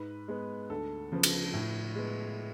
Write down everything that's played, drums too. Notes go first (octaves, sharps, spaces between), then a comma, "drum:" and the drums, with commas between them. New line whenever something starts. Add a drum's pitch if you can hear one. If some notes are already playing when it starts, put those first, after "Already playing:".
Already playing: G#2 B4
G#3 B3
D2 A4
C#3 F3 B3
drum: cymbal
A2
G#3 B3